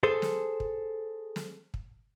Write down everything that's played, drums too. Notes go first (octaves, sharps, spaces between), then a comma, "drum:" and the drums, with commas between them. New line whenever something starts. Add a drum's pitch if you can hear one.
G#4 A4 C5
drum: snare
drum: kick
drum: snare
drum: kick